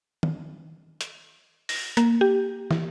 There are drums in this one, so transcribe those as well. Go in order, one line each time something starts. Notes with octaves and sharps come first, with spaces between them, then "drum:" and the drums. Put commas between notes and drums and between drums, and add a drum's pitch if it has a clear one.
drum: tom
drum: hi-hat
A#6, drum: open hi-hat
A#3, drum: hi-hat
G4
E3, drum: snare